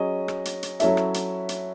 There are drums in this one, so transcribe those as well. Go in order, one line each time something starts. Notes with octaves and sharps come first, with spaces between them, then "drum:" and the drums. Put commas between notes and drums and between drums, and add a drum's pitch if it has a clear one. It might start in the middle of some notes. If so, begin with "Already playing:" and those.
Already playing: F#3 C#4 G#4 D#5
drum: rim click
drum: hi-hat
drum: hi-hat
F#3 C#4 E4 A4 E5, drum: hi-hat
drum: rim click
drum: hi-hat
drum: hi-hat